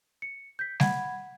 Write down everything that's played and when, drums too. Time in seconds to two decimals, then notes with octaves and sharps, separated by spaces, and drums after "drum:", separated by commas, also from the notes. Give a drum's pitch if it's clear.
0.22 C#7
0.59 G6 B6
0.80 F#5 B5 G#6, drum: snare